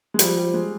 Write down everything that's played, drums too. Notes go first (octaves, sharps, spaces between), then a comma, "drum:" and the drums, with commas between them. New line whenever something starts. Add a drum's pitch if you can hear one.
G#3
F3 G3, drum: hi-hat
G3
G#3